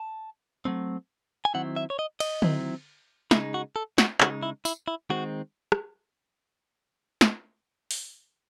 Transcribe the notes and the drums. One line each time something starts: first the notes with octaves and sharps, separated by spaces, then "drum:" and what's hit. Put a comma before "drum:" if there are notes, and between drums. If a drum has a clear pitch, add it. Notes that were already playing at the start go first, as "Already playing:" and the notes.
Already playing: A5
F#3 A3 C4
G#5
D#3 F#3 C4 E4 F#5
E5
C#5
D#5
D#5, drum: cymbal
D#3 F#3 C4 E4, drum: tom D3
C#3 G#3 D#4 E4, drum: snare
F#4
A4
F#4, drum: snare
C#3 G#3 D#4 F#4, drum: clap
E4
E4, drum: tambourine
E4
D#3 G#3 C4 D#4 F#4
drum: rim click
drum: snare
drum: open hi-hat